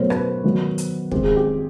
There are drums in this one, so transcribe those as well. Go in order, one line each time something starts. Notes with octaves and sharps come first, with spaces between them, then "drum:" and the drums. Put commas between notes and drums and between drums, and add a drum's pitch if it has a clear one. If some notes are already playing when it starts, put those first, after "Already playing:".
Already playing: B2 F#3 A3 A#4 C5 C#5
B4, drum: rim click
D#3 F#3 B3
drum: hi-hat
D#3 G#3 C4 G4, drum: kick
G#4
G4